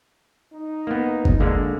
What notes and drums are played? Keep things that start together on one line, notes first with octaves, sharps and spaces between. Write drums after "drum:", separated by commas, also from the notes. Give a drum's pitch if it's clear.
D#4
A#3 B3
drum: kick G1
D3 G#3 A#3